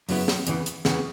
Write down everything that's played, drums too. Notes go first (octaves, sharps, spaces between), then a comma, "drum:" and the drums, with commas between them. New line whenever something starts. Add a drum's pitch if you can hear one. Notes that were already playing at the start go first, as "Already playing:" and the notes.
F#2 C#3 F#3 B3 E4, drum: open hi-hat
drum: snare
E2 C#3 E3, drum: hi-hat
drum: hi-hat
E2 C#3 E3, drum: snare